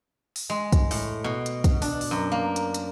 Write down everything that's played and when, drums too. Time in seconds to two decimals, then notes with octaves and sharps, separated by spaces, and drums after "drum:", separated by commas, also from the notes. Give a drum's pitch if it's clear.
0.36 drum: open hi-hat
0.50 G#3
0.73 drum: kick, hi-hat
0.91 A2, drum: open hi-hat
1.24 B2
1.46 drum: hi-hat
1.64 drum: kick, hi-hat
1.82 D4, drum: open hi-hat
2.01 drum: open hi-hat
2.11 F#2
2.32 A#3
2.56 drum: hi-hat
2.74 drum: hi-hat